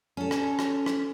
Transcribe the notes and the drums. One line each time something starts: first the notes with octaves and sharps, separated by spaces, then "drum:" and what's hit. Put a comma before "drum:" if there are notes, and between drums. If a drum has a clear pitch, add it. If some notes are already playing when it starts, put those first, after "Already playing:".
C#4 A4
drum: rim click
drum: rim click
drum: rim click